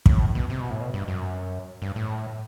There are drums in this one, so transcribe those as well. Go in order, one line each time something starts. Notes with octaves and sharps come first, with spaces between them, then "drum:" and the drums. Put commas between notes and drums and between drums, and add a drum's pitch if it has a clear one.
A2, drum: kick
B2
C3
B2
A2
B2
G2
F#2
G2
A2